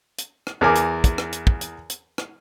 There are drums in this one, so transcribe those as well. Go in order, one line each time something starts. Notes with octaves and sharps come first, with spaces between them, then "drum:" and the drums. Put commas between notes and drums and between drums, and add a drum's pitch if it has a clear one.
drum: hi-hat
drum: rim click
E2 A#4 G#5 D6
drum: hi-hat
drum: kick, hi-hat
drum: rim click
drum: hi-hat
drum: kick
drum: hi-hat
drum: hi-hat
drum: rim click